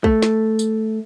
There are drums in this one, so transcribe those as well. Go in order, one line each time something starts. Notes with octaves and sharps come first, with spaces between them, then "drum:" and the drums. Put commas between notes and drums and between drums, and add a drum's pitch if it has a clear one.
A3, drum: kick
drum: snare
drum: tambourine